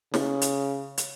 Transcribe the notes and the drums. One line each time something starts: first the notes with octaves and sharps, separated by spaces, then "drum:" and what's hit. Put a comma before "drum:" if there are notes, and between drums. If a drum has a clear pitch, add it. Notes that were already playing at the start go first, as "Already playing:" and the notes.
C#3, drum: snare
drum: hi-hat
drum: hi-hat